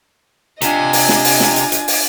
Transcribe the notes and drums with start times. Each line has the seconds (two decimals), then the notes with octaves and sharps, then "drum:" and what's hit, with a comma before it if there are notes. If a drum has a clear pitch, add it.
0.62 C3 D4 F4 D#5 G#5, drum: hi-hat
0.93 drum: open hi-hat
1.09 drum: snare
1.25 drum: open hi-hat
1.40 drum: snare
1.56 drum: hi-hat
1.72 drum: hi-hat
1.88 drum: open hi-hat